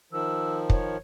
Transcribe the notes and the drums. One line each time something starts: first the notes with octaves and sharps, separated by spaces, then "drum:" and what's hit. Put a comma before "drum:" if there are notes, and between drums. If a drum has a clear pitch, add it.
D#3 F3 E6
C#5, drum: kick